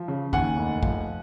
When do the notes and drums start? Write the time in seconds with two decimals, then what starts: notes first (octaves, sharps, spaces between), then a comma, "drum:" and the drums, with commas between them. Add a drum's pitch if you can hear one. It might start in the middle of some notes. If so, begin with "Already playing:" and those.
Already playing: F3
0.08 C#3
0.33 D#2 F#5 G#5, drum: kick
0.57 F1
0.83 F3, drum: kick